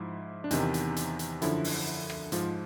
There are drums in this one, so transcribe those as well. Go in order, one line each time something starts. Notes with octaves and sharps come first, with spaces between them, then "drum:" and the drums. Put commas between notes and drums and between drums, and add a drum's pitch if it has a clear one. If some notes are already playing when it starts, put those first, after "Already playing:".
Already playing: G#2 F3 E4
D4
E2 C3 D#3 D#4, drum: hi-hat
drum: hi-hat
drum: hi-hat
drum: hi-hat
F#2 D3 F3 E4, drum: hi-hat
drum: open hi-hat
drum: rim click
G#2 F3 F4, drum: hi-hat